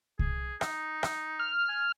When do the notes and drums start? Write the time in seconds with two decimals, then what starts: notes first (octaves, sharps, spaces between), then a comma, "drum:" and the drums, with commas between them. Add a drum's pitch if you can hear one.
0.19 G#4, drum: kick C2
0.61 D#4, drum: rim click
1.03 drum: rim click
1.39 F6
1.69 G#5